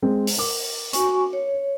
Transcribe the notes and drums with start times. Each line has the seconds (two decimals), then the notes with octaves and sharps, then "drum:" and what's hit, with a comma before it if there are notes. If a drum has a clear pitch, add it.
0.02 G#3 C4
0.27 drum: open hi-hat
0.37 A#4 D6
0.93 F#4 G#5 C#6, drum: hi-hat
1.33 C#5